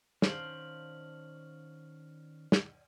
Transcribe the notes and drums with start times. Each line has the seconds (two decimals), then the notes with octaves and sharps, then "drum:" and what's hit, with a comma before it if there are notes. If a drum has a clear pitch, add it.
0.22 D#3 C#4 D4 C5 F5 F6 F#7, drum: snare
2.52 drum: snare